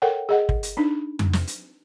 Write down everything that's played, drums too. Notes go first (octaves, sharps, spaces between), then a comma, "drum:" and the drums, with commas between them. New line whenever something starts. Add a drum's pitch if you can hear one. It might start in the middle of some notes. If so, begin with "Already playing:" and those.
A4 A#4 C#5 F#5 G5
G#4 D#5 F#5
drum: kick
drum: hi-hat
D4 D#4
drum: tom F2
drum: snare
drum: hi-hat